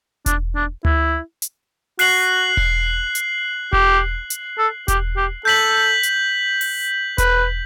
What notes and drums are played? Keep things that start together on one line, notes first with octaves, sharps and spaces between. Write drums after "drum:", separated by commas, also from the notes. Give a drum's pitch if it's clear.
D4, drum: kick E1, hi-hat
D4
E4, drum: tom D2
drum: hi-hat
F#4 F#6 C7 F#7, drum: open hi-hat
drum: kick E1
drum: hi-hat
G4, drum: kick E1
drum: hi-hat
A4
G4, drum: kick E1, hi-hat
G4
A4 G6 B6 F#7
drum: hi-hat
drum: open hi-hat
B4, drum: kick E1, hi-hat